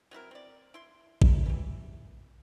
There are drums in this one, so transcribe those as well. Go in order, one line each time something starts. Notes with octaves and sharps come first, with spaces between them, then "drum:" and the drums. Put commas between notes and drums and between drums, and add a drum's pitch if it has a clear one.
F#3 C4 E4 A#4
C4 D5
E4 C6
drum: kick A1
E3 G4